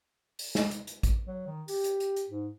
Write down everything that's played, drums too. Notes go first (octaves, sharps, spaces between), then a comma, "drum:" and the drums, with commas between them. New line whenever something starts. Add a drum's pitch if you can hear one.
drum: open hi-hat
drum: snare
drum: hi-hat
drum: hi-hat
drum: kick A1, hi-hat
F#3
D#3
G4, drum: open hi-hat
drum: hi-hat
drum: hi-hat
drum: hi-hat
G#2